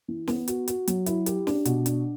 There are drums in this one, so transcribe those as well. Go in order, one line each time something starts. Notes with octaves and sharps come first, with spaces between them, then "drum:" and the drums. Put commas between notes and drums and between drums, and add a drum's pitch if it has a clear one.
E3
B3, drum: snare
F#4, drum: hi-hat
F#4, drum: hi-hat
F#3, drum: hi-hat
E4, drum: hi-hat
G4, drum: hi-hat
D4, drum: snare
B2, drum: hi-hat
D4, drum: hi-hat